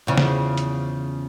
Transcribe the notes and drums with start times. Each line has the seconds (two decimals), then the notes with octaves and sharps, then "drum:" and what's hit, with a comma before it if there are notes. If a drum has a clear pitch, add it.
0.07 E2 C#3 F3
0.18 drum: snare
0.58 drum: hi-hat